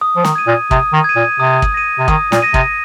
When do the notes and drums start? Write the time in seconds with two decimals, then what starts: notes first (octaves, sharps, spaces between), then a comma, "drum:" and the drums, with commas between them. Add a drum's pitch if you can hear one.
0.01 D#6
0.16 F3
0.24 D#3, drum: snare
0.35 G#6 D#7
0.47 A#2
0.71 C3 D#6, drum: kick
0.93 D#3
1.04 G#6 D#7
1.16 A#2
1.40 C3 D#6
1.62 drum: kick
1.74 A#6 D#7
1.99 C3
2.08 D#3 D#6, drum: kick
2.32 A#2, drum: snare
2.42 A#6 D#7
2.54 C3, drum: kick